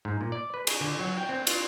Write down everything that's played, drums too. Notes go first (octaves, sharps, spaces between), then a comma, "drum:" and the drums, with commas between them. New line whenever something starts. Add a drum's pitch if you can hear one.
G#2
A#2
D5
B4
G#4, drum: cymbal
D3
F#3
G5
C4
F4, drum: cymbal